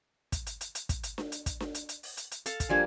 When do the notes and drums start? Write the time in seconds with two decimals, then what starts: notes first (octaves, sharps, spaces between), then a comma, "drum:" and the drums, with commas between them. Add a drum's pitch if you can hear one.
0.32 drum: kick, hi-hat
0.47 drum: hi-hat
0.61 drum: hi-hat
0.75 drum: hi-hat
0.89 drum: kick, hi-hat
1.04 drum: hi-hat
1.18 drum: snare D4
1.32 drum: hi-hat
1.46 drum: kick, hi-hat
1.60 drum: snare D4
1.75 drum: hi-hat
1.89 drum: hi-hat
2.03 drum: open hi-hat
2.17 drum: hi-hat
2.32 drum: hi-hat
2.46 A4 F5 A5, drum: hi-hat
2.60 drum: kick, hi-hat
2.69 F3 G3 A#3 D4 G#5 G#6